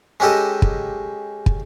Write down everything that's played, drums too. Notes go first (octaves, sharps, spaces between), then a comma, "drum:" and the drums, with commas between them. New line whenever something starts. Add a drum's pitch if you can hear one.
G#3 C#4 G4 A4 D#5
drum: kick
drum: kick